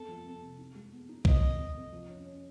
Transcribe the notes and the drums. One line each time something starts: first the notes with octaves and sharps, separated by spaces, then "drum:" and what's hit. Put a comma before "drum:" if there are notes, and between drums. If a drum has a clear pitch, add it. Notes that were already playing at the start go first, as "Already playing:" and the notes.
Already playing: F2 B3 A4
F3
F2
C3
D#4
G#3
B3
D#4
C3 D#5, drum: kick C2
F2
C3
F2
F3
C#4
C#4